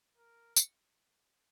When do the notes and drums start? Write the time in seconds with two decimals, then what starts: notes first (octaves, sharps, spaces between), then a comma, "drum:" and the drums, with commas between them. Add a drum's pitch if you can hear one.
0.17 A#4
0.56 drum: tambourine